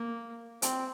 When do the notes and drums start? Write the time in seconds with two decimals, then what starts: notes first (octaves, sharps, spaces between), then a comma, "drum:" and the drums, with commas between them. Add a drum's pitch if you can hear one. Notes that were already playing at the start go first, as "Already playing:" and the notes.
Already playing: A#3
0.62 C4, drum: hi-hat